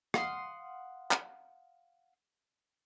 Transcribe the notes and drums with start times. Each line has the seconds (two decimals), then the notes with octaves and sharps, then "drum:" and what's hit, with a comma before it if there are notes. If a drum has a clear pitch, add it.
0.14 F5 F#5 C6 D#6, drum: rim click
1.11 drum: clap